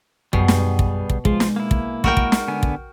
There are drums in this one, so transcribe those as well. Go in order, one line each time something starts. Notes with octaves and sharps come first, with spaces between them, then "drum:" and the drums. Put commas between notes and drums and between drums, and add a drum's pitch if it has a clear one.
F#2 B2 G3 B3 G#4, drum: kick
drum: snare
drum: kick
drum: kick
F3 G#3 F4, drum: kick
drum: snare
A#3 E4
drum: kick
F#4 A#4 G5, drum: kick
drum: kick
drum: snare
D3 B3 G#5
drum: kick